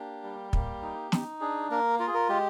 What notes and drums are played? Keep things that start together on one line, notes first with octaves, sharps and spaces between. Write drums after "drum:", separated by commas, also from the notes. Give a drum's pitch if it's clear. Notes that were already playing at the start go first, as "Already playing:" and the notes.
Already playing: A#3 D4 G4
G3
A#3, drum: kick
D#4
D#4, drum: snare
D4 G#4
A#3 A#4
F4 A#4
G#4
A#4
G#3 G4